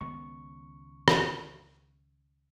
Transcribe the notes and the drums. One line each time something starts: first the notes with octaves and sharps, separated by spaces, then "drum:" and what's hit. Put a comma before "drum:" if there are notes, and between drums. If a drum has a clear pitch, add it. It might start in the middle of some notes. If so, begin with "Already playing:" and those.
C#2 D#3 B3 C#6
drum: rim click